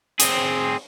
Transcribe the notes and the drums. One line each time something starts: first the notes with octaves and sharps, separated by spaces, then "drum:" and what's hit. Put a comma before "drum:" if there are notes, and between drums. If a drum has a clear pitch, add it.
C4 G#4, drum: hi-hat